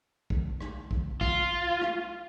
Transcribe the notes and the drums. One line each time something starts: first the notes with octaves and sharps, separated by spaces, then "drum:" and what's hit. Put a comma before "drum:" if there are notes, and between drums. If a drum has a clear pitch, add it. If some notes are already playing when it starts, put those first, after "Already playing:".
drum: kick
drum: rim click
drum: kick
F4, drum: kick
drum: rim click